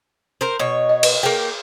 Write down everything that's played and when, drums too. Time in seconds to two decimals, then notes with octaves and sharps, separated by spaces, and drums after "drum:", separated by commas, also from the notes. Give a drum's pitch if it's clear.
0.41 A#4 C5
0.59 B2 C#5
0.89 D#5
1.03 B4, drum: cymbal
1.23 A#3 G#4 G5